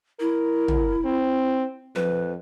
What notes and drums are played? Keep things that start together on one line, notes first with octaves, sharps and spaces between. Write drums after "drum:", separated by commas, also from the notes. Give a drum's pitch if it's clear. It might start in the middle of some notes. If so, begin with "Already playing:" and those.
E4 A#4
drum: tom
C4
F2 B4, drum: tom F3